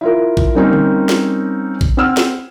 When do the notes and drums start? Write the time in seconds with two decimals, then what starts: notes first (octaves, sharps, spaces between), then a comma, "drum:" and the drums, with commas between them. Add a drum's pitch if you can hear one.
0.01 E4 F4 A#4
0.37 drum: kick A#1
0.55 G3 A#3 C4 C#4 D#4
0.73 drum: tom D3
1.09 drum: snare
1.81 drum: kick A#1
1.97 C4 F#5 E6 F6
2.17 drum: snare